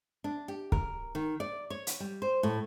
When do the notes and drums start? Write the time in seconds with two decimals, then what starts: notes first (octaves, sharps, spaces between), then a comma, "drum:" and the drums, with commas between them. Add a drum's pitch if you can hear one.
0.24 D4
0.48 G4
0.72 A#4, drum: kick
1.15 D#3
1.40 D5
1.70 C#5
1.87 drum: hi-hat
2.00 G3
2.22 C5
2.43 A2